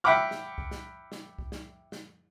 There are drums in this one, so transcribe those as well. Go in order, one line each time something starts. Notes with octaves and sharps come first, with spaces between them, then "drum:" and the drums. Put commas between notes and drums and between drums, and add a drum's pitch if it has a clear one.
E5 F#5 G5 B5 D6 F6
drum: snare
drum: kick C2
drum: snare
drum: snare
drum: kick C2
drum: snare
drum: snare